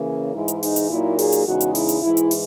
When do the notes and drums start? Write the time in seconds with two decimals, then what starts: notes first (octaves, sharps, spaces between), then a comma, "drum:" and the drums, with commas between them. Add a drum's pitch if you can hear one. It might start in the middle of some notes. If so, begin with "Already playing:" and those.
Already playing: C#3 E3 A#3 C#4
0.34 G#2 E3 G#3 D#4 E4
0.48 drum: hi-hat
0.63 D#4, drum: open hi-hat
0.76 drum: hi-hat
0.90 A#2 F#3 A#3 D#4 E4
1.19 G#4, drum: open hi-hat
1.32 drum: hi-hat
1.47 E2 C#3 G#3 D#4 F#4
1.61 drum: hi-hat
1.75 E4, drum: open hi-hat
1.89 drum: hi-hat
2.03 G#2 E3 G#3 E4
2.17 drum: hi-hat
2.31 drum: open hi-hat